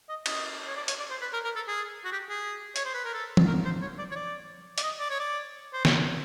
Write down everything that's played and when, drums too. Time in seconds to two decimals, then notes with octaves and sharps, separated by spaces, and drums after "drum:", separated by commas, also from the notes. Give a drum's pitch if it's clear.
0.09 D#5
0.26 D#5, drum: cymbal
0.68 C#5
0.76 D5
0.88 C#5, drum: hi-hat
0.99 D5
1.10 C5
1.21 B4
1.33 A#4
1.44 A#4
1.55 A4
1.68 G#4
2.04 F#4
2.12 G4
2.29 G#4
2.76 C#5, drum: hi-hat
2.85 C5
2.94 B4
3.04 A#4
3.14 A4
3.37 drum: tom
3.47 A#4
3.65 C5
3.82 C#5
3.98 D5
4.11 C#5
4.15 D5
4.78 D5, drum: hi-hat
4.83 D#5
5.00 D5
5.10 C#5
5.20 D5
5.73 C5
5.85 C#5, drum: snare